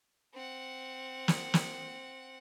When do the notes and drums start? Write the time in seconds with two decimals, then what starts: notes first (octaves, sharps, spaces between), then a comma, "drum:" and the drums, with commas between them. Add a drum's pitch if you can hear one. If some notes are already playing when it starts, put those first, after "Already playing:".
0.34 C4 F#5
1.28 drum: snare
1.54 drum: snare